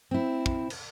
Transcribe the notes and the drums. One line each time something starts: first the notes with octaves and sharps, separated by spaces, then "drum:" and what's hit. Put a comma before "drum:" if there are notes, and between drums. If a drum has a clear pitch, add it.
C4 E4
drum: kick
drum: cymbal